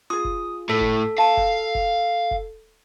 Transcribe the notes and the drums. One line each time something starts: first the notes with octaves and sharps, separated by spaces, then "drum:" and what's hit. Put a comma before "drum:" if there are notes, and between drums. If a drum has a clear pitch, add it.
F4 G#4 D#6
drum: kick F1
A2 A4
drum: kick F1
F5 A5
drum: kick F1
drum: kick F1
drum: kick F1